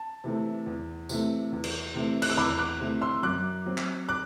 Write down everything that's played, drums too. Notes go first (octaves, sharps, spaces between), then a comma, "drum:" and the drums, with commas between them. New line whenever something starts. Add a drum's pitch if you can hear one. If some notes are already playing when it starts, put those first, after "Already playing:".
Already playing: A5
C3 E3 A3 C4
E2
C3 E3 A3 C4, drum: tambourine
E2
drum: cymbal
C3 E3 A3 C4
F#6, drum: cymbal
E6
E2 B5 D6
D6 F#6
C3 E3 A3 C4
C6 E6
F#2 D6 F#6
F#3 C4
drum: clap
D6 F#6